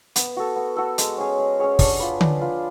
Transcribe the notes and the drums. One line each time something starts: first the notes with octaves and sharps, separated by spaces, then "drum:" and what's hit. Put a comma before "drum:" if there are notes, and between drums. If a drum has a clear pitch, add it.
B3, drum: hi-hat
F#4 A4
B3
F#4 A4
G#3, drum: hi-hat
C#4 G#4 C#5
G#3
C#4 G#4 C#5
D4, drum: kick, open hi-hat
F4 B4
D4, drum: tom D3
F4 B4